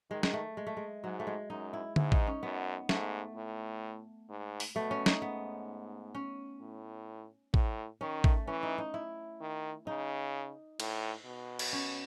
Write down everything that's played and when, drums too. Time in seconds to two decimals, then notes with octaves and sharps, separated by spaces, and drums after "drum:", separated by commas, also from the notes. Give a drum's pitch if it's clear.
0.11 D#3 G#3
0.23 G#3, drum: snare
0.33 A3
0.57 G#3
0.67 A3
0.77 G#3
1.03 G#2 F#3
1.20 A3
1.27 G#3
1.50 F#2 D#4
1.73 E4
1.96 G#2 E4, drum: tom D3
2.12 D#4, drum: kick
2.27 C#4
2.43 F#2 B3
2.89 G#2 A3, drum: snare
3.35 A2
4.30 G#2
4.60 drum: open hi-hat
4.75 B2 A3
4.91 C#4
5.06 D#4, drum: snare
5.21 G#2 B3
6.15 C#4
6.61 A2
7.54 A2, drum: kick
8.01 D#3 C#4
8.24 A3, drum: kick
8.47 E3 C#4
8.63 D#4
8.78 D#4
8.94 E4
9.41 D#3
9.87 C#3 D#4
10.80 A2, drum: cymbal
11.26 B2
11.59 drum: cymbal
11.73 C#4